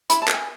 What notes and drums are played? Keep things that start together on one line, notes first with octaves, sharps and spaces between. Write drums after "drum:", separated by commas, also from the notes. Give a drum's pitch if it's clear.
E4 B5, drum: hi-hat
A5
A4, drum: clap
G#5